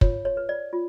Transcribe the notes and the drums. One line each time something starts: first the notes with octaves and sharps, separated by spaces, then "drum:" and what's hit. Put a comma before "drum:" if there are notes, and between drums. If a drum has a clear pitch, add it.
F4 C#5, drum: kick
C#5
B4
D5
F4